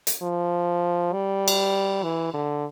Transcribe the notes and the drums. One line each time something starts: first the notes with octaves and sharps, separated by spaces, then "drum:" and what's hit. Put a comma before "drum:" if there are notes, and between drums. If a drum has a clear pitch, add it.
drum: hi-hat
F3
G3
drum: cymbal
E3
D3